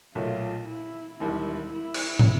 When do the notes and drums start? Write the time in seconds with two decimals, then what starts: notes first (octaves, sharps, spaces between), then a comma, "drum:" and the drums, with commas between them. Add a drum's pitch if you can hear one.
0.15 B1 A#2 F#3 A3 F4
0.68 E4
1.20 E1 D#2 D#3 G3 E4
1.73 E4
1.94 drum: cymbal
2.19 drum: tom